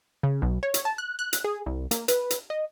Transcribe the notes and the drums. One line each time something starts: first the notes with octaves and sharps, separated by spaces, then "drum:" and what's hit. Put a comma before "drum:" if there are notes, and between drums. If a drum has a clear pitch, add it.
C#3
B1
C#5
drum: hi-hat
A5
F#6
F#6
drum: hi-hat
G#4
C2
A#3, drum: hi-hat
B4, drum: hi-hat
drum: hi-hat
D#5